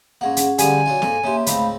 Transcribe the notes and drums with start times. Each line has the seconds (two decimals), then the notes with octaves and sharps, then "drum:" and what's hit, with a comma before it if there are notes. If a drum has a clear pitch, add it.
0.21 G#2 A#3 C#4 G#4 F#5
0.37 drum: hi-hat
0.58 D3 F3 G3 G#5, drum: hi-hat
0.86 F#3 D4 F4
1.02 G#2 A#3 A4, drum: snare
1.24 C#3 A#3 G4 E5 C6
1.46 C#2 G#2 A3 C4 F5 B5, drum: hi-hat